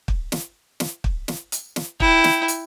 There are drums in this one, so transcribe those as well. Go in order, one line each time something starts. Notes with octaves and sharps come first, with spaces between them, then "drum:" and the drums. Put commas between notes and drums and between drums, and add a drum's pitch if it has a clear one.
drum: kick
drum: snare
drum: snare
drum: kick
drum: snare
drum: hi-hat
drum: snare
E4 G5, drum: kick
drum: snare
drum: hi-hat